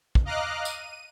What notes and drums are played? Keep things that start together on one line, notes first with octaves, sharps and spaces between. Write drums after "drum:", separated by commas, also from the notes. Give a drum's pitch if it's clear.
drum: kick
D#5 F5 A#5 D6 F6 F#6
D#7, drum: tambourine